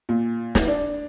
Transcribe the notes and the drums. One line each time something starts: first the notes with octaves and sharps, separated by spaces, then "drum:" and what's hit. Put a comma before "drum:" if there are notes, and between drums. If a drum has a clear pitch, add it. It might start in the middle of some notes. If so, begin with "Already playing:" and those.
A#2
drum: snare
D4